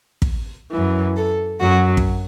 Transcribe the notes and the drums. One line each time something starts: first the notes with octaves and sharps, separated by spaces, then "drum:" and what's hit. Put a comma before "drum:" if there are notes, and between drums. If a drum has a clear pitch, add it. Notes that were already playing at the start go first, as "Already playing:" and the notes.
drum: kick
F#2 E3
A4
F#2 F#3 F#4
drum: kick